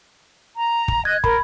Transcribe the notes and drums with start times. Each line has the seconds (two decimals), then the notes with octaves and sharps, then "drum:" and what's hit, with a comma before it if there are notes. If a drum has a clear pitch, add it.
0.57 A#5
0.88 drum: kick
1.05 D#5 F#6 G#6
1.24 A#4 B5, drum: kick